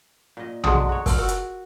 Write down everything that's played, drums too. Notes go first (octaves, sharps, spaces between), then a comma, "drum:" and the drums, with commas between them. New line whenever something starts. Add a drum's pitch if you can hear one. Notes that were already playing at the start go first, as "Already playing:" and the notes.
A#2 D#5
D3 F#3 G#3 G#4 C6 D#6, drum: tom
F#4 C#5
F4 A#4, drum: kick, open hi-hat
F#4 A#4
drum: hi-hat